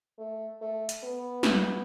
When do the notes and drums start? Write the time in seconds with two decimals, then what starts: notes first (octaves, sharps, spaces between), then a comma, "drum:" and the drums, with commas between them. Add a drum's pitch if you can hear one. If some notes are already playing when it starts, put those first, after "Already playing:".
0.19 A3
0.62 A3
0.89 drum: hi-hat
1.04 B3
1.43 drum: snare